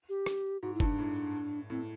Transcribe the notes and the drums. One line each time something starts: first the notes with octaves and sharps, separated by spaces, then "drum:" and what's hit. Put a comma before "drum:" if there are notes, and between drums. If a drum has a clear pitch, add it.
G4
drum: rim click
G#2 F#4
E4
G2, drum: kick
D4
A2
A2 C4